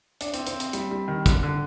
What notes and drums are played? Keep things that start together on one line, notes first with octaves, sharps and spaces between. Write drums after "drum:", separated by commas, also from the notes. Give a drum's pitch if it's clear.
D4, drum: hi-hat
C4, drum: hi-hat
C4, drum: hi-hat
drum: hi-hat
G3, drum: hi-hat
G3
D#3
D3, drum: kick, hi-hat
D3